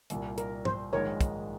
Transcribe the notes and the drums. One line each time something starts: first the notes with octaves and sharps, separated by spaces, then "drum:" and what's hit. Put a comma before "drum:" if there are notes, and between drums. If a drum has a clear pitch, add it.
C2 A#2 G3, drum: hi-hat
A#4, drum: hi-hat
C5, drum: tom
A#1 G#2 D#3 G#3 A#4 C#5
drum: kick, hi-hat